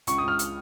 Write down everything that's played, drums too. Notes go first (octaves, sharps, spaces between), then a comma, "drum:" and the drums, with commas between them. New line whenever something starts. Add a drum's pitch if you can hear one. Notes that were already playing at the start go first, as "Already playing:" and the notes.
C#2 C#6, drum: hi-hat
D#6
C#2 F6
drum: hi-hat